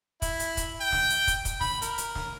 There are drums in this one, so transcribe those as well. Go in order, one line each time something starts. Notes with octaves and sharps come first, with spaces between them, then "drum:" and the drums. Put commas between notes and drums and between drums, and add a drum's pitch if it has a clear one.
E4, drum: kick, hi-hat
drum: hi-hat
drum: kick, hi-hat
G5
drum: snare
drum: hi-hat
drum: kick, hi-hat
drum: kick, hi-hat
B5, drum: snare
A#4, drum: hi-hat
drum: hi-hat
drum: snare